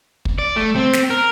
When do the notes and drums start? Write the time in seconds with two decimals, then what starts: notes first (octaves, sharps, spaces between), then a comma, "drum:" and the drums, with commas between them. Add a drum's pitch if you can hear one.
0.25 drum: kick
0.39 D5
0.56 A3
0.76 C4
0.93 drum: snare
1.10 A#4